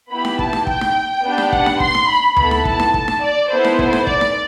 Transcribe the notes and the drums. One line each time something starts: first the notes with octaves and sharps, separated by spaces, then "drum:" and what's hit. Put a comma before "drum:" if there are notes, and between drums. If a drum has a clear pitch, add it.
B3 E4 G4 B5
drum: snare D#4
A5, drum: kick
drum: snare D#4
G5, drum: kick
drum: snare D#4
B3 D4 G4
drum: snare D#4
F#5, drum: kick
drum: snare D#4
C6, drum: kick
drum: snare D#4
B5
B3 E4 A4 B5, drum: tom D2
drum: snare D#4
A5, drum: kick
drum: snare D#4
A5, drum: kick
drum: snare D#4
D5
B3 E4 A4 C5
drum: snare D#4
C5, drum: kick
drum: snare D#4
D5, drum: kick
drum: snare D#4